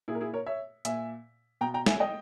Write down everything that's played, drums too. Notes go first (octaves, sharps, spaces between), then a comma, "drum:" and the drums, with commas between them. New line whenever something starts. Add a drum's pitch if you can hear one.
A#2 E4 G#4
A#4
E4 G#4
A#4 C#5
C#5 E5
A#2 E5 G#5, drum: hi-hat
B2 G5 A#5
G5 A#5
E5 G#5, drum: snare
D#5 G5